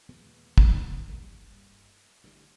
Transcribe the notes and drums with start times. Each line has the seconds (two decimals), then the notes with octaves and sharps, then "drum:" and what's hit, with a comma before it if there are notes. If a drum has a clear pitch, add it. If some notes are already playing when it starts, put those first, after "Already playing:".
0.09 D#2 A#2 G#3 B3
0.58 drum: kick
1.09 G2 G3 A#3
2.24 A1 D3 D#3 G3